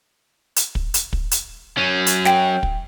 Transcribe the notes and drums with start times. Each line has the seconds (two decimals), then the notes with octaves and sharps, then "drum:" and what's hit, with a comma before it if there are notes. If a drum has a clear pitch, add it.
0.56 drum: hi-hat
0.75 drum: kick
0.94 drum: hi-hat
1.13 drum: kick
1.31 drum: hi-hat
1.77 F#3 C#4
2.06 drum: hi-hat
2.25 G5, drum: snare
2.63 drum: kick